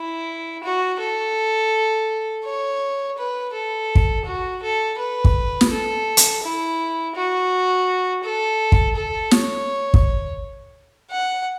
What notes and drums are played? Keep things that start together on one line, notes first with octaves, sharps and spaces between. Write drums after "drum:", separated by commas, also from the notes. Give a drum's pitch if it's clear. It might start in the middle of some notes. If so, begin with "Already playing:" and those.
Already playing: E4
F#4
A4
C#5
B4
A4
drum: kick
F#4
A4
B4
drum: kick
drum: snare
A4
drum: hi-hat
E4
F#4
A4
drum: kick
A4
C#5, drum: snare
drum: kick
F#5